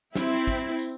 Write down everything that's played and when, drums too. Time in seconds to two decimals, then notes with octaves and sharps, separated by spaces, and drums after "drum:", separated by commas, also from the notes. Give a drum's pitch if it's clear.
0.15 C4 E4, drum: snare
0.47 drum: kick
0.79 drum: tambourine